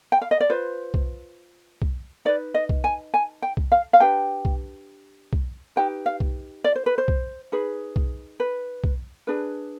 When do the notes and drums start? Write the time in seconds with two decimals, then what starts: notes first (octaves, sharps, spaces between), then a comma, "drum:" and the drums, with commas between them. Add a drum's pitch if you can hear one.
0.12 G5
0.21 F5
0.31 D#5
0.40 D5
0.50 F4 B4 C5
0.94 drum: kick B1
1.82 drum: kick B1
2.25 D#4 B4 D5
2.54 D#5
2.69 drum: kick B1
2.84 G#5
3.14 G#5
3.42 G5
3.57 drum: kick B1
3.72 F5
3.93 F5
4.00 D4 G4 B4 G5
4.45 drum: kick B1
5.33 drum: kick B1
5.76 D#4 G4 B4 G5
6.06 F5
6.20 drum: kick B1
6.64 D5
6.75 C5
6.86 B4
6.98 C5
7.08 drum: kick B1
7.52 D#4 G#4 B4
7.96 drum: kick B1
8.40 B4
8.84 drum: kick B1
9.27 D4 G#4 B4